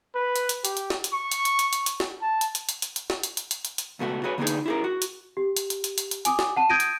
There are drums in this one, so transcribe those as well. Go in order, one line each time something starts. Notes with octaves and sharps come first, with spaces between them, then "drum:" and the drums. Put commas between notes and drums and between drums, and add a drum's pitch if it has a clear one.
B4
drum: hi-hat
drum: hi-hat
G4, drum: hi-hat
drum: hi-hat
drum: snare
drum: hi-hat
C#6
drum: hi-hat
drum: hi-hat
drum: hi-hat
drum: hi-hat
drum: hi-hat
drum: snare
A5
drum: hi-hat
drum: hi-hat
drum: hi-hat
drum: hi-hat
drum: hi-hat
drum: snare
drum: hi-hat
drum: hi-hat
drum: hi-hat
drum: hi-hat
drum: hi-hat
C#2 B2 A3 F#4
F#4 G#4 B4 C#5
D3 A#3 B3 C#4 D#4 G#4
drum: hi-hat
E4 G#4 A#4
F#4
drum: hi-hat
G4
drum: hi-hat
drum: hi-hat
drum: hi-hat
drum: hi-hat
drum: hi-hat
G#5 D6 D#6, drum: hi-hat
drum: snare
F#5 A5
D#6 G6 G#6 A#6 D7 D#7
drum: hi-hat